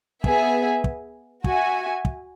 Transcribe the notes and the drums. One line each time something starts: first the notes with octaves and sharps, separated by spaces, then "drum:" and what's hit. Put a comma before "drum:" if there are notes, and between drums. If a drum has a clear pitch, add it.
B3 G#4 E5 G#5, drum: kick
drum: kick
F#4 E5 G#5, drum: kick
drum: kick